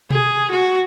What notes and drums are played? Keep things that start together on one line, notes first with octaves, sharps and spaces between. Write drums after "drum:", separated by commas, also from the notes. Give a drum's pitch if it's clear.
G#4, drum: tom B2
F#4